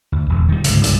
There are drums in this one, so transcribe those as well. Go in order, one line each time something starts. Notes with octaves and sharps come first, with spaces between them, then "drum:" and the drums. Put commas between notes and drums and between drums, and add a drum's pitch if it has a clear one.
D2
E1
D#3 G3
G1 C#2 G#2 C3, drum: hi-hat
C2 G2 A#2 G#3, drum: hi-hat